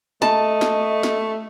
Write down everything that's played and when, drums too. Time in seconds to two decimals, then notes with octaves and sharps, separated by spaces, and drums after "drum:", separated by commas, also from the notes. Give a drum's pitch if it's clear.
0.22 A3 D#5 A5, drum: snare
0.61 drum: snare
1.03 drum: snare